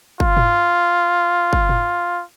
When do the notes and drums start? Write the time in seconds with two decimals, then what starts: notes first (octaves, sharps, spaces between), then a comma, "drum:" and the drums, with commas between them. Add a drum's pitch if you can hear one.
0.20 F4, drum: kick
0.37 drum: tom
1.53 drum: kick
1.69 drum: tom